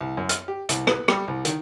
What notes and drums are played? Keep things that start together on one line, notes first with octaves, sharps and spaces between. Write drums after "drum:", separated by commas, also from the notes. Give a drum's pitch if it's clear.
C2
F#2
F6, drum: hi-hat
G4
C2, drum: hi-hat
B4, drum: rim click
G3, drum: rim click
C2
D#3, drum: hi-hat